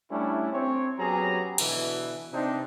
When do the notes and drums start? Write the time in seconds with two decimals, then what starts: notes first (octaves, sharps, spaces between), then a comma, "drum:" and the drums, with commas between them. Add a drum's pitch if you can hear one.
0.11 G3 A3 C#4 D4 E4
0.53 C4 C#5
0.99 F#3 B3 C#4 G4 G#4 A#5
1.58 B2 D3 E3, drum: cymbal
2.33 C3 C4 D4 D#4